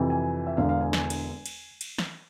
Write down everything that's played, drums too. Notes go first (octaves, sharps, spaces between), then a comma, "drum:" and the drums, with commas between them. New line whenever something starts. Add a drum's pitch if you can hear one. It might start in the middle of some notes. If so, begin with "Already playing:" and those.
Already playing: F2 C3 E3
G#5
E5
E1 E2 D3 F5
F5
G#5
G#5, drum: snare
drum: cymbal
drum: cymbal
drum: cymbal
drum: snare